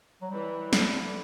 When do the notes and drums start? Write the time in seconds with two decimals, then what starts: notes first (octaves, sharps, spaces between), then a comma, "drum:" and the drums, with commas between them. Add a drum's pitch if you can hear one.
0.22 F#3
0.30 E3 G3
0.73 D3, drum: snare